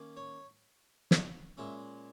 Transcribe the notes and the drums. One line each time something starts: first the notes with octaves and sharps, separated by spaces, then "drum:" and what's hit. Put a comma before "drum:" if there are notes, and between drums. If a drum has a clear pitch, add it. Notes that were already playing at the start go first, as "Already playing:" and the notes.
Already playing: D#3 A#3 C#4
C#5
D#5, drum: snare
A#2 G#3 C#4 E5